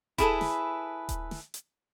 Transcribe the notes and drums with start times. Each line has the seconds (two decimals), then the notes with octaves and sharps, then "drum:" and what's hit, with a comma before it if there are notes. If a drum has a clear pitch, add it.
0.18 E4 G#4 A4 B4, drum: kick D#1, hi-hat
0.41 drum: snare
1.09 drum: kick D#1, hi-hat
1.31 drum: snare
1.54 drum: hi-hat